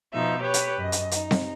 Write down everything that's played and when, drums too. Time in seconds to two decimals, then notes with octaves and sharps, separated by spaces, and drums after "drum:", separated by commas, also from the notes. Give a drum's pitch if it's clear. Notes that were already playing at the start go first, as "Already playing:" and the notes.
0.13 B2 F3 D#4 E5
0.43 G4 B4 C#5
0.54 drum: hi-hat
0.80 F#2 D#5
0.92 drum: hi-hat
1.11 D#4, drum: hi-hat
1.31 drum: snare C4